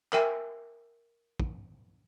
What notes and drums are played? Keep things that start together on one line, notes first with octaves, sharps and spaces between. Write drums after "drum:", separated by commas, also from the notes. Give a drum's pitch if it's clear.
A#4 E5 G5 G#5, drum: clap
drum: kick